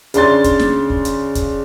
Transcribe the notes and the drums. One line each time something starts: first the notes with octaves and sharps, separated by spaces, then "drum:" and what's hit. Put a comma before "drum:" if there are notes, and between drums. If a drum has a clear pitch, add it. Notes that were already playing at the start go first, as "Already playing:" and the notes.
C#3 D4 C6 A6, drum: hi-hat
drum: kick, hi-hat
drum: snare
drum: kick
drum: hi-hat
drum: kick, hi-hat